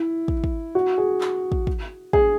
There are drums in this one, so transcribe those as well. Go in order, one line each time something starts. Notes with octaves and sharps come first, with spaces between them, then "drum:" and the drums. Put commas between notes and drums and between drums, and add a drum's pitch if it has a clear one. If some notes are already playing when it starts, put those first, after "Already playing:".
Already playing: E4
drum: kick
drum: kick
F#4
G#4
drum: clap
drum: kick
drum: kick
G#4, drum: kick